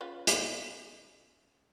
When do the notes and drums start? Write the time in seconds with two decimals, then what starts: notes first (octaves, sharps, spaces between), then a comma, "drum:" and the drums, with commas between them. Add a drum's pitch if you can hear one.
0.01 C#3 F4 B4
0.27 drum: hi-hat